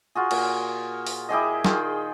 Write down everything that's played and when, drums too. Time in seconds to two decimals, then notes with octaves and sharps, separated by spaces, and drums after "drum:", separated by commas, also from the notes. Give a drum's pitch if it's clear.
0.15 F4 F#4 G#4
0.31 A#2, drum: cymbal
1.07 drum: open hi-hat
1.29 E4 G4 G#4 D#5
1.65 D#3 F4 G#4 G5, drum: snare